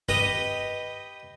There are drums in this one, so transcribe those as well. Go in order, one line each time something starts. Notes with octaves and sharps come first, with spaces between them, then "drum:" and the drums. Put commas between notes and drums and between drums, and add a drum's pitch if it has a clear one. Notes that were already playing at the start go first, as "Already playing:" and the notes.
G4 B4 D#5 B5, drum: tom G2